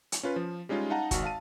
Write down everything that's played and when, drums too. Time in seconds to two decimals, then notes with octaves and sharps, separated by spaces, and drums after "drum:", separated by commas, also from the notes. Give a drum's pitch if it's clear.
0.12 drum: hi-hat
0.23 C#4 F4 B4
0.36 F3
0.69 G3 G#3 C#4 D#4 F4
0.90 D#4 D#5 F5 F#5 A5 A#5
1.11 G#1 F#4, drum: kick, hi-hat
1.24 F5 A5 D#7